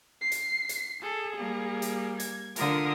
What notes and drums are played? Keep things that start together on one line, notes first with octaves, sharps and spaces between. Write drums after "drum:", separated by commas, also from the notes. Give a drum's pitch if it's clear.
C7
drum: hi-hat
drum: hi-hat
G#4 A4
G3 A#3
drum: hi-hat
G#6, drum: hi-hat
D3 F4 A#4 D#6, drum: hi-hat